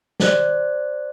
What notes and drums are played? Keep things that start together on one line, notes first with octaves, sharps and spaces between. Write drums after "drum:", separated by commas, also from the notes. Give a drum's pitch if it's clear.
C5 D5 F#6, drum: snare